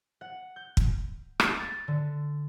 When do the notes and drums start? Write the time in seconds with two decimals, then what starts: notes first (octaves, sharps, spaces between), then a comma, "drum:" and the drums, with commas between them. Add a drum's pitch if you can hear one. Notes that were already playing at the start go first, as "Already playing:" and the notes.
0.21 F#5
0.56 G6
0.77 drum: kick
1.40 drum: rim click
1.59 A6
1.88 D3